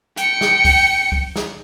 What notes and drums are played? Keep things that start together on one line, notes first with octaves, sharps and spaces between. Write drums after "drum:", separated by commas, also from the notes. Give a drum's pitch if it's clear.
G5 C#7, drum: hi-hat
drum: snare
drum: kick, open hi-hat
drum: kick
drum: snare